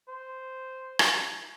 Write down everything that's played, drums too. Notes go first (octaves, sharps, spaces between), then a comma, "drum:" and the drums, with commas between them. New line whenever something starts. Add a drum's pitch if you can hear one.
C5
drum: rim click